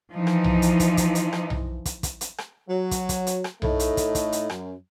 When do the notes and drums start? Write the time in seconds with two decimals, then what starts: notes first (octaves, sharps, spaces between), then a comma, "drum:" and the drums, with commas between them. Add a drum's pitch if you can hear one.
0.13 E3 F3 D#4
0.27 drum: rim click
0.44 drum: tom B1
0.62 drum: hi-hat
0.80 drum: kick, hi-hat
0.97 drum: kick, hi-hat
1.15 drum: hi-hat
1.33 drum: rim click
1.50 drum: tom B1
1.85 drum: kick, hi-hat
2.03 drum: kick, hi-hat
2.21 drum: hi-hat
2.38 drum: rim click
2.68 F#3
2.91 drum: kick, hi-hat
3.09 drum: kick, hi-hat
3.27 drum: hi-hat
3.44 drum: rim click
3.62 A2 A3 D#4 D#5, drum: tom B1
3.80 drum: hi-hat
3.97 drum: kick, hi-hat
4.15 drum: kick, hi-hat
4.32 drum: hi-hat
4.50 F#2, drum: rim click